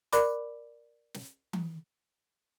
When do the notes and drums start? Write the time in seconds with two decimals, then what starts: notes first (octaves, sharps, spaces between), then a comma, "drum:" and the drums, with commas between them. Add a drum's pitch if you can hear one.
0.12 A#4 D5 B5 D6, drum: hi-hat
1.14 drum: snare
1.53 drum: tom E3